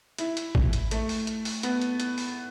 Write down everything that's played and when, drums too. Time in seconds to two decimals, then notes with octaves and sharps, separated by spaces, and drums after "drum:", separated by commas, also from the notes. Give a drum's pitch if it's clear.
0.18 E4, drum: hi-hat
0.37 drum: hi-hat
0.55 drum: kick A1
0.73 drum: hi-hat
0.91 A3, drum: hi-hat
1.09 drum: open hi-hat
1.27 drum: hi-hat
1.45 drum: open hi-hat
1.63 B3, drum: hi-hat
1.82 drum: hi-hat
2.00 drum: hi-hat
2.18 drum: open hi-hat